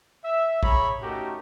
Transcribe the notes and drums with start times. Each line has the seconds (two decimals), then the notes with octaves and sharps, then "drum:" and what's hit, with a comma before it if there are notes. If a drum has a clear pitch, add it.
0.25 E5
0.63 G#4 C#5 E5 A#5 B5, drum: kick A#1
1.01 A3 C#4 D#4 F#4 G4 A#4